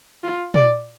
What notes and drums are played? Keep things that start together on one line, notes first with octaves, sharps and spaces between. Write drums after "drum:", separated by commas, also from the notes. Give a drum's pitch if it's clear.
F4
D5, drum: tom